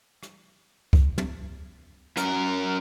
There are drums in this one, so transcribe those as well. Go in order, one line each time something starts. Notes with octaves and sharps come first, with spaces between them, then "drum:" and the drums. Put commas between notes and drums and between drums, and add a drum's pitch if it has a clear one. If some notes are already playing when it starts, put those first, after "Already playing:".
drum: rim click
drum: kick C2
drum: tom
F#2 A#4, drum: hi-hat